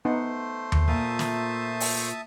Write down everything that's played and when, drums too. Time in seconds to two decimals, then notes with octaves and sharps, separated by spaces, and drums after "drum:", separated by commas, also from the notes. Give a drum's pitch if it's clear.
0.05 A3 B3 D#4 C5 F#5 C6
0.72 drum: tom D#2
0.88 A#2 F4 A#4 E5 A5 D#6
1.19 drum: snare
1.80 drum: open hi-hat